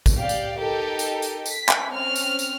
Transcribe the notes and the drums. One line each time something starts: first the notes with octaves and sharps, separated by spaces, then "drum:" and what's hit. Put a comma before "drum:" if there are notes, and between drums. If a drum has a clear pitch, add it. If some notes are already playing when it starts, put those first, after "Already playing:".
drum: kick, tambourine
G4 D5 F5
drum: tambourine
D#4 G4 A4 A#4
drum: tambourine
drum: tambourine
B6, drum: tambourine
drum: clap
C4 C#4 F6
drum: tambourine
drum: tambourine